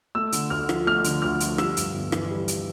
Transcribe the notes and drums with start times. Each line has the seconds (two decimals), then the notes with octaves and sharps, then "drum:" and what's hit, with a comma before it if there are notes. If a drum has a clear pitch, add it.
0.15 A3 E6
0.32 D3, drum: hi-hat
0.50 D2 F6
0.69 F3, drum: rim click
0.86 A3 F6
1.04 D3, drum: hi-hat
1.22 D2 F6
1.40 F3, drum: hi-hat
1.58 G3 E6, drum: rim click
1.77 G2, drum: hi-hat
1.94 G1
2.12 E3, drum: rim click
2.30 G3
2.48 drum: hi-hat